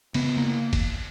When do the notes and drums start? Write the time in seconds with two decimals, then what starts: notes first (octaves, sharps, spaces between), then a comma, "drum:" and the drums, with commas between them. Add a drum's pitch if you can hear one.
0.14 C#3 B3, drum: cymbal
0.37 A#3
0.73 drum: kick F#1, cymbal